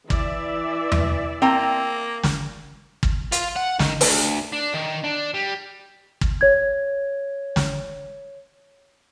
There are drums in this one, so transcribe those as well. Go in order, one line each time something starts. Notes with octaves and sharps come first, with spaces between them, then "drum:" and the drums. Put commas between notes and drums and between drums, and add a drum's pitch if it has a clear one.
E3 D5 E5, drum: kick
drum: tom E2
A#3 C4 G5 A5 A#5
drum: snare
drum: kick
F4, drum: hi-hat
F#5
D#3, drum: snare
D2, drum: open hi-hat
D4
D#3
D4
G3
drum: kick
C#5 G#6
drum: snare